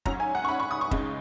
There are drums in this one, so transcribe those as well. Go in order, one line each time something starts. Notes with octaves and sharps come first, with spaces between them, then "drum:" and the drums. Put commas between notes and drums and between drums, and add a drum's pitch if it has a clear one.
G#2 F#3 C#4 A#5, drum: kick
G#5
F#5
C#6
B5
C#6
D#6
C#6
C#2 C#3 G#3 D#4, drum: kick